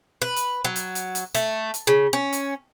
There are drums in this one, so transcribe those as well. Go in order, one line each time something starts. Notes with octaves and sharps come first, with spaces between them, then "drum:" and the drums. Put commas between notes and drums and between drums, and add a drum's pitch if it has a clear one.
B4
drum: hi-hat
F#3
drum: hi-hat
drum: hi-hat
drum: hi-hat
A3, drum: hi-hat
drum: hi-hat
C#3
C#4
drum: hi-hat